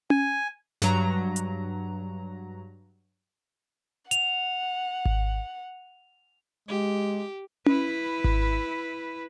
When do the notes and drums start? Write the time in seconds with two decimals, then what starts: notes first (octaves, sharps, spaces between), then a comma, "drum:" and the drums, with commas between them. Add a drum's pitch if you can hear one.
0.10 G#5, drum: tom C#4
0.82 G2 F#3 A#5, drum: snare
1.36 drum: hi-hat
4.11 F#5 F7, drum: hi-hat
5.05 drum: kick G#1
6.68 G#3 G4
7.66 E4 B4, drum: tom C#4
8.24 drum: kick G#1